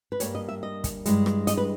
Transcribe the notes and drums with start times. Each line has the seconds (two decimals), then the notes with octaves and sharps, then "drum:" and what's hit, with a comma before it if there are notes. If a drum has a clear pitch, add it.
0.12 B4
0.20 G2 G3 A#3 C#5, drum: hi-hat
0.35 D#5
0.49 E5
0.63 D#5
0.84 drum: kick, hi-hat
1.05 G2 E3 G#3, drum: hi-hat
1.26 drum: rim click
1.47 D#5, drum: hi-hat
1.57 B4